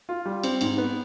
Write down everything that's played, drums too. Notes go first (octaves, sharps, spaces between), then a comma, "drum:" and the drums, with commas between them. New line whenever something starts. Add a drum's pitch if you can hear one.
F4
G3
C4, drum: cymbal
G#2, drum: cymbal
B3